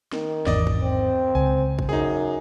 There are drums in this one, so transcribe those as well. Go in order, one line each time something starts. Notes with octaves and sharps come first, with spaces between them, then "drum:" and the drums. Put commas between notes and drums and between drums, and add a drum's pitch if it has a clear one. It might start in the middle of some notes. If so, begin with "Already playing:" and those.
D#3, drum: snare
G#1 E2 D5 D#5, drum: snare
drum: kick
C4
C#2 G#5
drum: kick
F#2 D#4 G#4